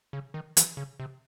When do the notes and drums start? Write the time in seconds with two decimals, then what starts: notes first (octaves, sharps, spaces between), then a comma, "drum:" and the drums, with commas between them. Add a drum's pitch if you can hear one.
0.13 C#3
0.34 D#3
0.57 E3, drum: hi-hat
0.77 C#3
1.00 C3